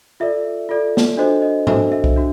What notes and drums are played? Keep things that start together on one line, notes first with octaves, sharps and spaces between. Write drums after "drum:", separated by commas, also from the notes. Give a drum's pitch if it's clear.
F4 A4 D5 E5
F4 A4 D5
drum: snare
D4 F#4 A4 C5 D#5
D#5
D4 F#4 A4 C5 E5, drum: tom G#2
E5
drum: kick C2
D4 F#4